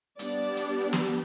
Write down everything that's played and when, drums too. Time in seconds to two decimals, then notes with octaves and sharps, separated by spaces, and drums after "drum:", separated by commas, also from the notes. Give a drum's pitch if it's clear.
0.19 G3 B3 D4 D5, drum: hi-hat
0.56 drum: hi-hat
0.93 G4, drum: snare